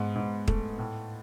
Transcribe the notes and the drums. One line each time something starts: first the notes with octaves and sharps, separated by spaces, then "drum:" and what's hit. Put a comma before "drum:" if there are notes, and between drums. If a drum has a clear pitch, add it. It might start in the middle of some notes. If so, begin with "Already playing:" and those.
Already playing: G#2 B3
G#2
A3, drum: kick
A2